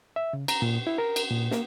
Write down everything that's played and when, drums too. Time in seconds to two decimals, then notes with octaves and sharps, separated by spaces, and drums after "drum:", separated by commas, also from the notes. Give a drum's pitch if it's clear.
0.16 E5
0.33 C#3
0.48 A#5, drum: cymbal
0.62 A#2
0.87 E4
0.98 A#4
1.16 drum: cymbal
1.31 A#2
1.51 A#3, drum: snare